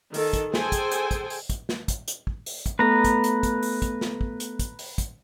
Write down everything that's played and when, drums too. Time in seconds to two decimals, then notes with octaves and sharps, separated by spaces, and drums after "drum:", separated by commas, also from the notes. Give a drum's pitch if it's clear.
0.14 D#3 A4, drum: open hi-hat
0.33 drum: kick, hi-hat
0.54 G#4 A4 C5 G5 G#5, drum: snare
0.72 drum: kick, hi-hat
0.91 drum: hi-hat
1.11 drum: kick, hi-hat
1.30 drum: open hi-hat
1.50 drum: kick, hi-hat
1.69 drum: snare
1.88 drum: kick, hi-hat
2.08 drum: hi-hat
2.27 drum: kick
2.46 drum: open hi-hat
2.66 drum: kick, hi-hat
2.79 A3 B3 A4 B4 A#5
3.04 drum: kick, hi-hat
3.24 drum: hi-hat
3.43 drum: kick, hi-hat
3.63 drum: open hi-hat
3.82 drum: kick, hi-hat
4.01 drum: snare
4.21 drum: kick
4.40 drum: hi-hat
4.59 drum: kick, hi-hat
4.79 drum: open hi-hat
4.98 drum: kick, hi-hat